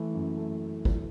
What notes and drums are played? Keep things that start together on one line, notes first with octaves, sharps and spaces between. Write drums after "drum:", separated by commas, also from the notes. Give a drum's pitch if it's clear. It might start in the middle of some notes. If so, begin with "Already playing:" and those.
Already playing: E3 A3
F#2
A3
drum: kick G#1